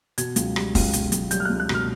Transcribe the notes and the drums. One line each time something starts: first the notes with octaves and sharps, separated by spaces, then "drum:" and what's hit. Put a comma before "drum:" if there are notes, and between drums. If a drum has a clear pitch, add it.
B2 G#6, drum: hi-hat
C#2, drum: hi-hat
G3, drum: rim click
C#2, drum: kick, open hi-hat
B2, drum: hi-hat
C#2, drum: hi-hat
G3 G6, drum: hi-hat
F6
C#2 F#6
F#6
B2, drum: rim click
F6